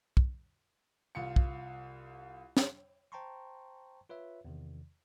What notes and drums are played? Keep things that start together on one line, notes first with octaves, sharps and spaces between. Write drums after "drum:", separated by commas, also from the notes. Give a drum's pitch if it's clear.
drum: kick
C2 F4 C#7
drum: kick
drum: snare
C5 G5 A5 A#5 C6 C#6
F4 B4 C#5 E5
E2 C3 D#3